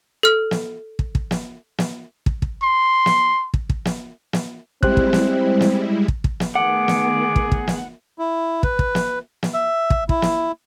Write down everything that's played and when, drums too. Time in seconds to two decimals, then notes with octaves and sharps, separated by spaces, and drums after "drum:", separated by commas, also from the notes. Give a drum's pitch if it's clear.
0.23 A4 F6
0.51 drum: snare
0.99 drum: kick
1.15 drum: kick
1.31 drum: snare
1.78 drum: snare
2.26 drum: kick
2.42 drum: kick
2.62 C6
3.06 drum: snare
3.54 drum: kick
3.70 drum: kick
3.85 drum: snare
4.33 drum: snare
4.83 G3 G#3 C4 E4 G4 C5 F#6, drum: kick
4.97 drum: kick
5.13 drum: snare
5.61 drum: snare
6.08 drum: kick
6.24 drum: kick
6.40 drum: snare
6.55 D#3 A3 B3 G#4 F#5 D6
6.88 drum: snare
7.36 drum: kick
7.52 drum: kick
7.67 drum: snare
8.19 E4
8.63 B4, drum: kick
8.79 drum: kick
8.95 drum: snare
9.43 drum: snare
9.54 E5
9.90 drum: kick
10.09 E4, drum: kick
10.22 drum: snare